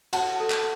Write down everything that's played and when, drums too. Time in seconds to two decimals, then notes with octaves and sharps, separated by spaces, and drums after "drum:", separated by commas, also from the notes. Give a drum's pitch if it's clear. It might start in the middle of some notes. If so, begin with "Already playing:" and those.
0.13 F#4 F#5 A5, drum: cymbal
0.40 A4
0.50 drum: clap